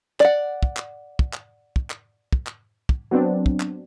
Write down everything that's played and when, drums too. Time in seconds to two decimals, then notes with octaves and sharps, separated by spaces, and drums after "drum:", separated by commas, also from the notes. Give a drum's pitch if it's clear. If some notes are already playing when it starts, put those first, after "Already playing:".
0.20 D5 F#5, drum: clap
0.63 drum: kick
0.77 drum: clap
1.19 drum: kick
1.33 drum: clap
1.76 drum: kick
1.90 drum: clap
2.32 drum: kick
2.47 drum: clap
2.89 drum: kick
3.11 F#3 B3 C4 D4
3.46 drum: kick
3.60 drum: clap